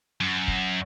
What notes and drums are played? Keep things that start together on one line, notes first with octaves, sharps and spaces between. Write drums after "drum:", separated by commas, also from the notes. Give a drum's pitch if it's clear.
F#2
drum: kick